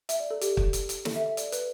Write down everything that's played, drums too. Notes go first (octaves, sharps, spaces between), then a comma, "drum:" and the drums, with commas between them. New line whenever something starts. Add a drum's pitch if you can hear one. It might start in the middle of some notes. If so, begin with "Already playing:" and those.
E5, drum: hi-hat
D5
A4
G4, drum: hi-hat
drum: kick
drum: hi-hat
drum: hi-hat
A4, drum: snare
E5
E5
D5, drum: hi-hat
B4, drum: hi-hat